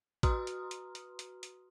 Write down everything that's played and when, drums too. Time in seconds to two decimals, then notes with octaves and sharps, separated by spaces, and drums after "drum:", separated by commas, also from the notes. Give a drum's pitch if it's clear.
0.23 F#4 B4 A#5 C6 D#6 F6, drum: kick, hi-hat
0.47 drum: hi-hat
0.71 drum: hi-hat
0.95 drum: hi-hat
1.19 drum: hi-hat
1.43 drum: hi-hat